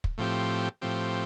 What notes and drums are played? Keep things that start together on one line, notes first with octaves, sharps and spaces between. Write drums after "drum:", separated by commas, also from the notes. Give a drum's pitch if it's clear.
drum: kick
A2 F3 C4 G4
A2 F3 C4 G4